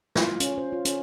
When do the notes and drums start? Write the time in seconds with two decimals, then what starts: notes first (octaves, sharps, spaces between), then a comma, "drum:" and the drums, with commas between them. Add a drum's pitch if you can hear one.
0.16 F4, drum: snare
0.40 C#4, drum: hi-hat
0.58 C5
0.73 F4
0.85 C#4, drum: hi-hat